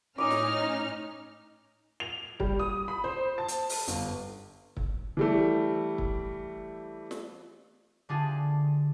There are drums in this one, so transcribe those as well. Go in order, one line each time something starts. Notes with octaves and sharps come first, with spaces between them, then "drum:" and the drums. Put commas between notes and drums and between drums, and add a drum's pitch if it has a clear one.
A2 C#4 D#4 D6 D#6 F6
drum: snare
F7
G3, drum: kick
D#6
B5
C5
A5
drum: hi-hat
drum: open hi-hat
G1, drum: hi-hat
drum: kick
E3 G3 A3
drum: kick
drum: snare
D3 A3 D4 F4 G4 G#4